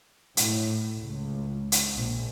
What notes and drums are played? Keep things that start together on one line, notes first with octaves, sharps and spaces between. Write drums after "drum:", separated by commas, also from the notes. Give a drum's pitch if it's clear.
A2, drum: hi-hat
C#2
drum: hi-hat
A#1